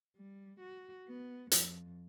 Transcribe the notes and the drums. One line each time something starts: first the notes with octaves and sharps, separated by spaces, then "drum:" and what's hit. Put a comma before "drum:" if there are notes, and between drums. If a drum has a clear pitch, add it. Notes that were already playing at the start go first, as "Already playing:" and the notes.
G3
F#4
B3
F2, drum: hi-hat